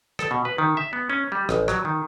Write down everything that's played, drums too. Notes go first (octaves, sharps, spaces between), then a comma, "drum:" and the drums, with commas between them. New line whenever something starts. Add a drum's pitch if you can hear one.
A4, drum: rim click
B2
B4
D#3
E5
B3
C#4
G3
A1, drum: rim click
F#3, drum: rim click
D#3